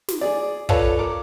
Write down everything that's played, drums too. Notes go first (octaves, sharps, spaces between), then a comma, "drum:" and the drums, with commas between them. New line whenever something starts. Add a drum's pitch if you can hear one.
drum: snare
G#4 D5
F4 A4 B4 C#5 D5 A5, drum: kick
A#4 D6